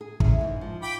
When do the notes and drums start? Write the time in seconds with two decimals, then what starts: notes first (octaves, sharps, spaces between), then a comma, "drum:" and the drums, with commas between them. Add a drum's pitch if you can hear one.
0.01 G#4
0.20 C#4 E4 G#4, drum: kick
0.41 G#2 E3
0.61 F3
0.82 F4 G5 B5 D6